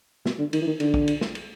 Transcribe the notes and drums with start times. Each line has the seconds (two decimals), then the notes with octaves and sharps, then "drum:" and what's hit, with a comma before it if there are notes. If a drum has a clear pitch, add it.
0.26 B2, drum: snare
0.39 D3
0.53 D#3, drum: cymbal
0.62 E3
0.67 D#3
0.80 D3, drum: cymbal
0.94 drum: kick
1.08 drum: cymbal
1.21 drum: snare
1.35 drum: cymbal